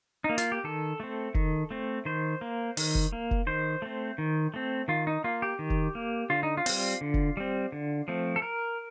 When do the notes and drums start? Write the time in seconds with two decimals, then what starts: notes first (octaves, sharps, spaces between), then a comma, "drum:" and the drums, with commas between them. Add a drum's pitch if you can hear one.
0.24 D#4
0.29 A#3
0.38 F4, drum: hi-hat
0.52 G4
0.64 D#3 A4
1.00 A3 C4
1.34 D#3, drum: kick
1.71 A3 C4
2.05 D#3 C5
2.41 A#3
2.77 D#3, drum: open hi-hat
2.95 drum: kick
3.12 A#3
3.31 drum: kick
3.47 D#3 C5
3.82 A3 C4
4.18 D#3
4.54 A3 C4
4.88 D#3 F4
5.07 D#4
5.24 A#3 F4
5.42 G4
5.59 D#3
5.70 drum: kick
5.95 A#3
6.30 D3 F4
6.43 D#4
6.57 F4
6.66 G3 C4, drum: open hi-hat
7.01 D3
7.14 drum: kick
7.37 G3 C4
7.72 D3
8.08 F3 A3 C4
8.36 A4
8.42 A#4